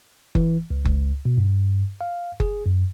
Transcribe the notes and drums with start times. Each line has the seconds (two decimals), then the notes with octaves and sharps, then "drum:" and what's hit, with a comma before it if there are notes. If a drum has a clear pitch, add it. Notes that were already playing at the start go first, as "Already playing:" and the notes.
0.35 E3, drum: kick F#1
0.70 C#2
0.85 C#2, drum: kick F#1
1.25 B2
1.37 G2
2.01 F5
2.40 G#4, drum: kick F#1
2.66 F#2